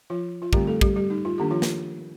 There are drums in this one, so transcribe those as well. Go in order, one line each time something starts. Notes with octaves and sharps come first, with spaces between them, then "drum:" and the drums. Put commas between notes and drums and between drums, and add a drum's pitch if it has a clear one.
F3 F4
F4
D3 G3 A3 C4 G4, drum: kick
A3 A4
G3 G4, drum: kick
G3 G4
D#4
F4
D#3 A#3 D4 G4
F3 F4
drum: snare